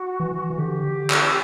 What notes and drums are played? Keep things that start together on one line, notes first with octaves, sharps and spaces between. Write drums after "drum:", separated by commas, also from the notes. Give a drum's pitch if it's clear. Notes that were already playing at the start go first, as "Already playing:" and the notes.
Already playing: F#4
E3
E3 F#4
D3 G4
drum: clap